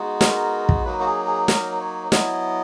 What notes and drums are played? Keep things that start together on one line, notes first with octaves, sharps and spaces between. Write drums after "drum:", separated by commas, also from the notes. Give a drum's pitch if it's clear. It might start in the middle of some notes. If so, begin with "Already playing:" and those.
Already playing: G#3 B3 D#4 F#4
A#4, drum: snare
drum: kick
F#3 A#3 D#4 F#4 B4
F#4
G#4
G#4
A#4, drum: snare
C#5
F#3 B3 E4 D#5, drum: snare